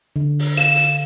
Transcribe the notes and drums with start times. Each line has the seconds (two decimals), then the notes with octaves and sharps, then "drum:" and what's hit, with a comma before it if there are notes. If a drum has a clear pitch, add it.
0.16 D3
0.39 drum: open hi-hat
0.57 F5 E7, drum: hi-hat
0.76 drum: hi-hat